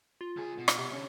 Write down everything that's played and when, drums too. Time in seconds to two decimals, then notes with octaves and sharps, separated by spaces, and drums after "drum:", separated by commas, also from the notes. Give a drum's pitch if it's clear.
0.21 F4
0.37 C#2 G#4
0.58 B2
0.68 drum: rim click
0.78 C3
0.92 D3 C#4